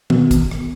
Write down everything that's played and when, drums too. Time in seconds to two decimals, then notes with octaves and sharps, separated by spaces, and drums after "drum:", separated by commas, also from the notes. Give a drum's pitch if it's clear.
0.10 B2, drum: tom D#3
0.31 drum: kick, hi-hat
0.51 drum: rim click